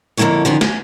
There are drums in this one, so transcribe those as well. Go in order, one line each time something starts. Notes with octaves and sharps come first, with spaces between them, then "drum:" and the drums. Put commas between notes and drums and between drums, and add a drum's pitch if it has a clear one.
F2 D3 G#3 A#3 E4 C#5
D3 D#3 F3 C#4 G4
C#4, drum: snare